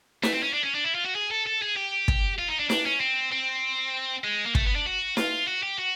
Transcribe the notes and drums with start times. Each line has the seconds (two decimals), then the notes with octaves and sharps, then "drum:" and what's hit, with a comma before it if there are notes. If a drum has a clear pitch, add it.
0.23 A3, drum: snare
0.33 C4
0.43 C#4
0.54 D4
0.64 C#4
0.75 D4
0.84 E4
0.95 F4
1.05 F#4
1.15 G#4
1.31 A4
1.46 A4
1.62 G#4
1.77 G4
2.08 drum: kick
2.39 F4
2.49 D#4
2.60 D4
2.70 D4, drum: snare
2.86 C#4
3.00 C4
3.32 C4
4.24 G#3
4.46 A#3
4.55 A3, drum: kick
4.66 B3
4.75 D4
4.86 F#4
5.17 F4, drum: snare
5.48 F#4
5.63 G4
5.79 F#4